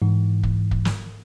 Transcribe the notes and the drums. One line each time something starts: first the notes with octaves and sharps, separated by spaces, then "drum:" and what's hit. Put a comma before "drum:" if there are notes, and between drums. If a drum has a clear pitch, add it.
G#2 E3
drum: kick
drum: kick
drum: snare